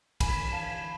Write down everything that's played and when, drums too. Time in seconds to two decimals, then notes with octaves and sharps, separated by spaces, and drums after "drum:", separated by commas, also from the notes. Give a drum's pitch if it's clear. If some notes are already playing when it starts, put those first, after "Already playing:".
0.20 E3 G#5 B5, drum: kick, cymbal
0.52 E3 F5 A5